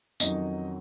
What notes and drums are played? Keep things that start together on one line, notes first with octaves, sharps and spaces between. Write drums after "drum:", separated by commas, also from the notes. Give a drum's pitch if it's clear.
F2 D#3 F#3 C#4 D#4 D#5, drum: tambourine